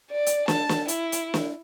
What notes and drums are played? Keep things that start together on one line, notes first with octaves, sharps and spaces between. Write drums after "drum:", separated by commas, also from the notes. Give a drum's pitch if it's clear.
D5
drum: hi-hat
A5, drum: snare
drum: snare
E4, drum: hi-hat
drum: hi-hat
drum: snare